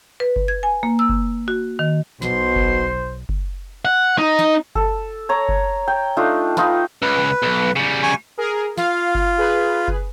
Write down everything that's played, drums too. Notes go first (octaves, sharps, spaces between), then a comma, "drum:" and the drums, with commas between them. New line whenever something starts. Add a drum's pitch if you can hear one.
B4
drum: kick F#1
G#6
G#5
A#3
E6
drum: kick F#1
F#4
D#3
B1 B2 C5 C6, drum: snare
drum: kick F#1
drum: kick F#1
F#5
D#4
drum: snare
A4, drum: kick F#1
C#5 A#5
drum: kick F#1
G5
A3 D4 D#4 F4
D#4 F4 B4, drum: snare
C#2 B4
B1
C#3 G3
G#5 C#6
G#4 A#4
F4 F5, drum: snare
drum: kick F#1
G#4 B4
drum: kick F#1